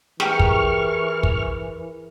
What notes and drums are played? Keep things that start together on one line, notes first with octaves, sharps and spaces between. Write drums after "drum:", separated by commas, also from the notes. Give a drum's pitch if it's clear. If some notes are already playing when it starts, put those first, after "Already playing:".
E3 G4 G#4 A#4 G5 C#6 F6, drum: snare
drum: kick
drum: kick